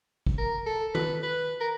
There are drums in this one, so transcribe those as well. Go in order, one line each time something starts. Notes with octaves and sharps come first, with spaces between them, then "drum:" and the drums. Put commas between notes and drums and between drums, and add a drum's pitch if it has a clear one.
drum: kick
A#4
A4
B4, drum: tom
B4
A#4